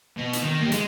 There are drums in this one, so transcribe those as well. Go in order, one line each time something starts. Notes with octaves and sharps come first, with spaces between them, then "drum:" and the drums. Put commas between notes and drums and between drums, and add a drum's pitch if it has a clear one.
B2
drum: hi-hat
D#3
A#3 G4
G#3, drum: hi-hat